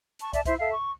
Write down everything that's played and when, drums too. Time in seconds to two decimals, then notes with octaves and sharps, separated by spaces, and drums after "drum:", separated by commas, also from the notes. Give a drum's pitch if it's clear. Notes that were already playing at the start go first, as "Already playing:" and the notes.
0.19 A5 C#6, drum: hi-hat
0.33 D5 E5 A5, drum: kick, hi-hat
0.45 E4 C5 E5, drum: kick, hi-hat
0.58 A4 E5 F5
0.72 C#6